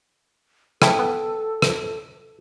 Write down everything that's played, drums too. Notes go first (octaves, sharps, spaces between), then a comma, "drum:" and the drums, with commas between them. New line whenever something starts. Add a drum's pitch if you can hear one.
A2 C#3 E4 A4 G5 A5 D#6, drum: rim click
B3
drum: rim click